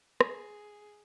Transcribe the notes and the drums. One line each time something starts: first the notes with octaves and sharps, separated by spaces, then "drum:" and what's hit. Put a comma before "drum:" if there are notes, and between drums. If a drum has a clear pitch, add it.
G#4, drum: rim click